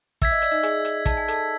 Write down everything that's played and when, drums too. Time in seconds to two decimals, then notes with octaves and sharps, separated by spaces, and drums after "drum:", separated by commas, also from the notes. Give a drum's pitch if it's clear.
0.22 E5 E6 G#6 B6, drum: kick, hi-hat
0.32 D#5
0.42 D5, drum: hi-hat
0.51 D#4 D#5
0.63 G#4 G#5, drum: hi-hat
0.85 drum: hi-hat
1.06 A5, drum: kick, hi-hat
1.17 G#5
1.28 A4 A5, drum: hi-hat